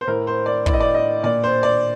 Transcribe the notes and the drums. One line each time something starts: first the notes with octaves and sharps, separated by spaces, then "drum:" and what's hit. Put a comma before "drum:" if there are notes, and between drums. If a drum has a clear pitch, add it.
C5
A2 A#4
C5
D5
A2 D5, drum: kick
D#5
D5
D#5
A#2 D5
C5
D5